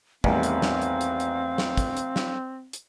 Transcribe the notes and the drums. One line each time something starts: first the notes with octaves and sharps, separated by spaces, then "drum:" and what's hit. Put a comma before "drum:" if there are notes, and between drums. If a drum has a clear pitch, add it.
A1 E2 D#3 G3 C4 F5, drum: kick
drum: hi-hat
drum: snare
drum: hi-hat
drum: hi-hat
drum: hi-hat
drum: snare
drum: kick, hi-hat
drum: hi-hat
drum: snare
drum: hi-hat